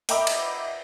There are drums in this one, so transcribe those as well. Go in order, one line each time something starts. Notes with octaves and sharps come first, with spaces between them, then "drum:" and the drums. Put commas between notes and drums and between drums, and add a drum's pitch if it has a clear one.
D#5 E5 G5 A#5 B5 D6, drum: hi-hat
drum: cymbal